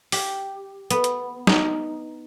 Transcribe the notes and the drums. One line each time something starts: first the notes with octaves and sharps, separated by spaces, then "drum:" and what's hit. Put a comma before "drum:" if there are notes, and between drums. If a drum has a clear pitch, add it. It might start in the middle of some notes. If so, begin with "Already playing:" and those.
G4, drum: open hi-hat
B3, drum: hi-hat
drum: hi-hat
D#4, drum: snare